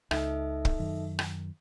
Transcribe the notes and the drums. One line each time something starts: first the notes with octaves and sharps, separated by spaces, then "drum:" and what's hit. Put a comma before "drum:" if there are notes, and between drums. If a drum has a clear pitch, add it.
C#2 D#4 A4 E5, drum: rim click
drum: kick
F#2 D#3
drum: rim click